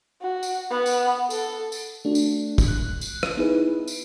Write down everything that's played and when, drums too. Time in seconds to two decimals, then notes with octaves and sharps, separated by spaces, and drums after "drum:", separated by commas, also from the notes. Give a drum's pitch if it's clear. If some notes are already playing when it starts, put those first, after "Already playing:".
0.21 F#4
0.43 drum: tambourine
0.70 B3 F#5
0.86 drum: tambourine
1.30 A4, drum: tambourine
1.72 drum: tambourine
2.05 A3 D4 F#4
2.15 drum: tambourine
2.58 drum: kick, tambourine
2.68 F#6
3.01 drum: tambourine
3.23 drum: rim click
3.37 B3 D#4 E4 G#4 B4
3.88 drum: tambourine